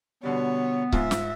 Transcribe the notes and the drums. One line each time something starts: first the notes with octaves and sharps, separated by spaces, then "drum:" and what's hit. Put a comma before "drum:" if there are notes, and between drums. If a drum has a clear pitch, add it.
B2 D3 G3 B3 C#5
G#2 F4 E5, drum: kick C#1
drum: snare